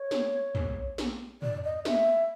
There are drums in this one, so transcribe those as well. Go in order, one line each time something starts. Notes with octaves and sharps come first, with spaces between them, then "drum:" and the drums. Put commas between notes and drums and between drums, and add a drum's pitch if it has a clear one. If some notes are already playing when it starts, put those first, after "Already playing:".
Already playing: C#5
drum: snare
drum: tom
drum: snare
D5, drum: tom
D#5
E5, drum: snare